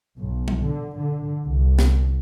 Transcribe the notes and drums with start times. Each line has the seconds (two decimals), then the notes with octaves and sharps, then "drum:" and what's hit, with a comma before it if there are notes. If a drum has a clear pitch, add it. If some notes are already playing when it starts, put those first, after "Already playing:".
0.17 B1
0.48 drum: tom
0.60 D3
0.96 D3
1.44 C2
1.79 drum: snare